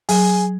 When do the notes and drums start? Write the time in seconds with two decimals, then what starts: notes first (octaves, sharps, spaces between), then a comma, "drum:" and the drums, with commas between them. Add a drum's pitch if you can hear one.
0.09 F#3 G#4, drum: open hi-hat